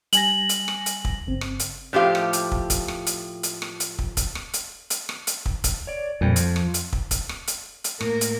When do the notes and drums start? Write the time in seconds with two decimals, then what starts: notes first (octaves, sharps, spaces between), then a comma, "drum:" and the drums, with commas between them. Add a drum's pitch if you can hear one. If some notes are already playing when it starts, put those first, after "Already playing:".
0.13 G3 G#5 A#6 F#7, drum: hi-hat
0.49 drum: hi-hat
0.68 drum: rim click
0.86 drum: hi-hat
1.05 drum: kick
1.27 G1 C#3 C4
1.41 drum: rim click
1.60 drum: hi-hat
1.93 A2 F3 G4 F5
2.15 drum: rim click
2.33 drum: hi-hat
2.52 drum: kick
2.70 drum: kick, hi-hat
2.88 drum: rim click
3.07 drum: hi-hat
3.43 drum: hi-hat
3.62 drum: rim click
3.80 drum: hi-hat
3.99 drum: kick
4.17 drum: kick, hi-hat
4.35 drum: rim click
4.54 drum: hi-hat
4.90 drum: hi-hat
5.09 drum: rim click
5.27 drum: hi-hat
5.46 drum: kick
5.64 drum: kick, hi-hat
5.87 C#5 D5
6.21 F2 A#2 G3
6.36 F3, drum: hi-hat
6.56 drum: rim click
6.74 drum: hi-hat
6.93 drum: kick
7.11 drum: kick, hi-hat
7.29 drum: rim click
7.48 drum: hi-hat
7.84 drum: hi-hat
8.01 A2 A#3 A#4, drum: rim click
8.21 drum: hi-hat